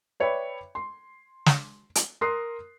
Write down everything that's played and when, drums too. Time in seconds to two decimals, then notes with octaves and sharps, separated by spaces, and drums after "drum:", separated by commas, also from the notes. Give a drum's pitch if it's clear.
0.20 B4 C#5 D5 E5 G5 B5
0.75 C6
1.46 drum: snare
1.95 drum: hi-hat
2.21 A#4 C6 D#6 F#6 C7